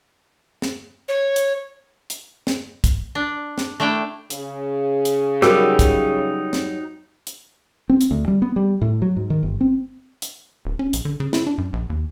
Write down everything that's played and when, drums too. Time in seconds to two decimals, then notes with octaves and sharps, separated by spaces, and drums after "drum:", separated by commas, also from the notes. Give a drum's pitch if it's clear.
0.62 drum: snare
1.09 C#5
1.36 drum: hi-hat
2.10 drum: hi-hat
2.47 drum: snare
2.84 drum: kick, hi-hat
3.15 D4
3.58 drum: snare
3.80 A3 D4 E4 G5
4.30 C#3, drum: hi-hat
5.05 drum: hi-hat
5.42 F#3 G3 B3 D#4 F#4 A#4 G5 E6, drum: snare
5.79 drum: kick, hi-hat
6.53 drum: snare
7.27 drum: hi-hat
7.90 C4
8.01 drum: hi-hat
8.11 D2
8.28 G3
8.42 B3
8.56 G3
8.81 A2
9.02 F#3
9.17 G#2
9.30 D#3
9.43 G1
9.61 C4
10.22 drum: hi-hat
10.65 D1
10.79 C#4
10.93 A#1, drum: hi-hat
11.05 D3
11.20 C#3
11.33 E4, drum: snare
11.47 D4
11.58 F#2
11.73 A#1
11.90 D#2